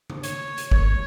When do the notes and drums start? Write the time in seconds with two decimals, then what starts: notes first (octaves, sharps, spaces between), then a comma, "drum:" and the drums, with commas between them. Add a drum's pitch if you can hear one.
0.10 drum: tom C#3
0.23 C#5, drum: hi-hat
0.58 drum: hi-hat
0.71 C#5, drum: kick